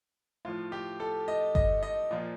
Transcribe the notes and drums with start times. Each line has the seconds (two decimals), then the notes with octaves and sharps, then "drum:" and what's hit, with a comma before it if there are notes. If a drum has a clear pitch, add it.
0.45 A2 F3 F4
0.72 G4
1.00 A4
1.28 D#5
1.55 D#5, drum: kick G1
1.83 D#5
2.11 A#2 F3